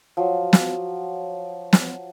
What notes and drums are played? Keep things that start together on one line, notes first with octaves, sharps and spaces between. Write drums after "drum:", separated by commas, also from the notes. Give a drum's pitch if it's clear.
F3 F#3
drum: snare
drum: snare